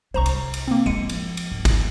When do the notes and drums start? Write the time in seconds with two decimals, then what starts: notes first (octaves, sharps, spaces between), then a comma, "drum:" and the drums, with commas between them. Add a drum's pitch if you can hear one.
0.14 C2 D4 C5 A#5 C#6
0.26 drum: cymbal
0.54 drum: cymbal
0.68 A#3 C4
0.86 F3 G#3 E4 C#7 D#7
1.09 drum: cymbal
1.37 drum: cymbal
1.51 G#2
1.65 drum: kick G1, cymbal